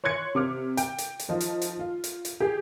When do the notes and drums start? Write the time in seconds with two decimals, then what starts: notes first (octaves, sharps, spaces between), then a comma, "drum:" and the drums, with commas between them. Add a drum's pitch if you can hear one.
0.04 C#5 C6 F#6 G#6 C#7
0.35 C3 D6 F6
0.77 G5, drum: hi-hat
0.98 drum: hi-hat
1.19 drum: hi-hat
1.29 F3 D#4 F4
1.41 drum: hi-hat
1.62 drum: hi-hat
1.79 F4
2.04 drum: hi-hat
2.25 drum: hi-hat
2.40 G4 G#4